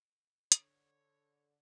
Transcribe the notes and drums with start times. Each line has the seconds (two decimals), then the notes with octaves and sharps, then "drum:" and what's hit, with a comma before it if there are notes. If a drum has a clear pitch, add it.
0.52 D3 C#5, drum: hi-hat